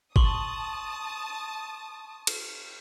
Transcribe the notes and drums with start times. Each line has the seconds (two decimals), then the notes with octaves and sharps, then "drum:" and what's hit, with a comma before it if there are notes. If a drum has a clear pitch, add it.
0.16 A5 C6 C#6 D#6 F#7, drum: kick G1
2.27 drum: cymbal